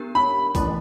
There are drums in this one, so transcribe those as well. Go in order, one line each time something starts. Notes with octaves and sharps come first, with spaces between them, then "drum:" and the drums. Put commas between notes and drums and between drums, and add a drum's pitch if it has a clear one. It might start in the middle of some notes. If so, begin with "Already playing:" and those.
Already playing: B3 D4 G4 A#4
B5
E3 A3 C#4 E4, drum: kick B1, tambourine